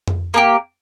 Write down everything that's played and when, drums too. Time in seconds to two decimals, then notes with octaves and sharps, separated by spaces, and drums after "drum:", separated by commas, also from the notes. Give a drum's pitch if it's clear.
0.08 drum: tom F2
0.34 A#3 D4 G4